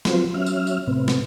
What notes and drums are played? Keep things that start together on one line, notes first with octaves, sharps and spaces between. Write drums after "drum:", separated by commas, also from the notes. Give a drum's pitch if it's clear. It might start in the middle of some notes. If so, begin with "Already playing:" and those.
F3 F#3 B3 C4 F4 C5, drum: snare
F#3 C#4 E5 F6
drum: tambourine
drum: tambourine
A2 C3 B3 C4
drum: snare